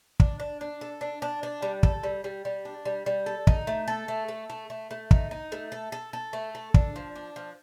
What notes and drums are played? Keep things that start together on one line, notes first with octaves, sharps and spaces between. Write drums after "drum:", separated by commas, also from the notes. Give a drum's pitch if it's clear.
D4, drum: kick
D4
D4
A4
D4
D4
D4
G3
A4, drum: kick
G3
G3
G3
D4
G3
G3
A4
D#4, drum: kick
A3
A4
A3
A4
A3
A3
A3
D#4, drum: kick
D#4
A3
A4
A4
A4
A3
A4
D4, drum: kick
F3
D4
F3